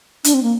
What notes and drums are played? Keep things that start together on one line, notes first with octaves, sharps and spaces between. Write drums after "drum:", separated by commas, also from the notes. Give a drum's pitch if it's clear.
D4, drum: hi-hat
C4
A#3